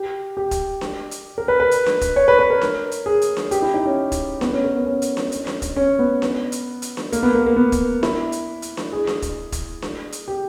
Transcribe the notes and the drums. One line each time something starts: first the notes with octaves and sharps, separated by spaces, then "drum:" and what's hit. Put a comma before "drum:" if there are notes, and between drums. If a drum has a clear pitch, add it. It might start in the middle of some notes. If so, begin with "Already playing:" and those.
Already playing: G4
G4
drum: kick, hi-hat
drum: snare D4
drum: hi-hat
A#4
B4
B4
drum: hi-hat
drum: snare D4
drum: kick, hi-hat
C#5
B4
B4
A#4
drum: snare D4
drum: hi-hat
G#4
drum: hi-hat
drum: snare D4
G4, drum: hi-hat
E4
D#4
C#4
drum: kick, hi-hat
B3, drum: snare D4
C#4
A#4
B3
C#4
drum: hi-hat
drum: snare D4
drum: hi-hat
drum: snare D4
drum: kick, hi-hat
C#4
B3
drum: snare D4
drum: hi-hat
drum: hi-hat
drum: snare D4
A#3, drum: hi-hat
B3
A#3
A#3
B3
drum: kick, hi-hat
E4, drum: snare D4
drum: hi-hat
drum: hi-hat
drum: snare D4
G#4
drum: snare D4
drum: kick, hi-hat
drum: kick, hi-hat
drum: snare D4
drum: hi-hat
G4